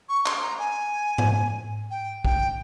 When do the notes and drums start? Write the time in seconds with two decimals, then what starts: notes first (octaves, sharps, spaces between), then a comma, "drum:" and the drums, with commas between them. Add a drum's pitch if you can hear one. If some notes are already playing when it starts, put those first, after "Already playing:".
0.09 C#6
0.26 C6, drum: clap
0.43 A#5
0.59 G#5
1.18 drum: tom G#2
1.91 G5
2.25 G5, drum: kick